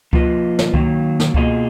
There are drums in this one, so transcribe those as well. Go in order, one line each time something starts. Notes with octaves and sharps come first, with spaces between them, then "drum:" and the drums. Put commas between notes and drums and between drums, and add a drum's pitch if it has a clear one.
F3 A#3 F4 B4 D#5, drum: kick C#2
drum: snare
D#3 F#3 A#3, drum: kick C#2
drum: snare
B2 A#3 F4 G#4 D#5, drum: kick C#2